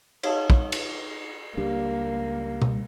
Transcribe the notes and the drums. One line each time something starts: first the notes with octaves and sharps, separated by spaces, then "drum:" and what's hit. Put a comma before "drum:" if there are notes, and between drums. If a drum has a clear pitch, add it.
D#4 C#5 F5 A5, drum: cymbal
drum: kick
drum: cymbal
C#2 G3 A#3 D4 G4
drum: tom B2